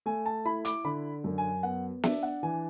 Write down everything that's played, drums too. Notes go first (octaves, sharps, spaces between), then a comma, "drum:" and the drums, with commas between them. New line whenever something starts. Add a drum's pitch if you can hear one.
A3 G#5
A5
E4 B5
D6, drum: hi-hat
D3 B5
F#2
G#5
B3 F#5
D4 E5, drum: snare
F#5
E3 G#5